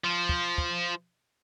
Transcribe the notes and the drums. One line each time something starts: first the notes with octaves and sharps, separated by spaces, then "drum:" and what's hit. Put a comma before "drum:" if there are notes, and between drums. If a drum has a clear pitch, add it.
F3
drum: kick
drum: kick